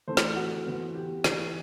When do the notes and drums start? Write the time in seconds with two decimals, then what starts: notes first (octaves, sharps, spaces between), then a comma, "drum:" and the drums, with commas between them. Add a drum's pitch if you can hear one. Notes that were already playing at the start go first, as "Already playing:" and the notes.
0.08 E3 A3 C4 C5
0.17 drum: snare
0.36 F#4
0.66 E3 B3
0.95 G4
1.24 E3 B3, drum: snare